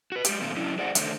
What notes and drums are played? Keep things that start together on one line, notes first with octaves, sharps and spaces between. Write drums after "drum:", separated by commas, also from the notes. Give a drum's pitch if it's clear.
F#4 B4
G#3 G4, drum: hi-hat
A#2 D#3 A3 A#3 C4
F#3 C#4 D4 E4
G#4 C5 D5 F#5
D#3 A3 D4 A4 A#4 C5, drum: hi-hat